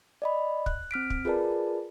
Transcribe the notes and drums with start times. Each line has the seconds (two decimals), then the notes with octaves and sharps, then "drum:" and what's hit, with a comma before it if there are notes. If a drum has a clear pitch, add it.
0.22 D5 D#5 B5
0.66 F#6, drum: kick
0.91 C4 F6 B6 D7
1.10 drum: kick
1.25 F4 G#4 A#4 B4 D5 A5